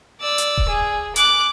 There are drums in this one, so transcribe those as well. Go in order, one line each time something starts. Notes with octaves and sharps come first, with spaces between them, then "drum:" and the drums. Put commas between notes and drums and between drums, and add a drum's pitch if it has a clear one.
D5 E6
drum: hi-hat
drum: kick D#1
G#4
D6 F#6, drum: hi-hat